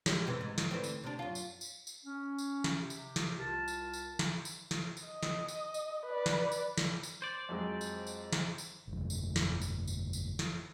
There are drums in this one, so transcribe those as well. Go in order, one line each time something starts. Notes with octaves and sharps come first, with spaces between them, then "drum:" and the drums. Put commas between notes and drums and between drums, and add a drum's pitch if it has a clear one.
G#3 C#4 G4, drum: snare
F2 C3 E3
G#2
drum: snare
D2 E3 C4
drum: tambourine
C3 D4
F#2 F4
drum: tambourine
drum: tambourine
drum: tambourine
C#4
drum: tambourine
drum: snare
C3 G4
drum: tambourine
drum: snare
C2 F4 A#4 A5
drum: tambourine
drum: tambourine
drum: snare
drum: tambourine
drum: snare
drum: tambourine
D#5
drum: snare
drum: tambourine
drum: tambourine
B4 D5
drum: snare
drum: tambourine
drum: snare
drum: tambourine
C5 D5
F2 F#3 G#3
drum: tambourine
drum: tambourine
drum: snare
drum: tambourine
G1 F2
drum: tambourine
drum: snare
drum: tambourine
drum: tambourine
drum: tambourine
drum: snare